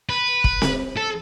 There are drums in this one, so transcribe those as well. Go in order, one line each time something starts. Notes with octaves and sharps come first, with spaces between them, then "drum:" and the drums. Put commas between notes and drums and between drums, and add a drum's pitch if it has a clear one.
B4
drum: kick
drum: snare C4
A4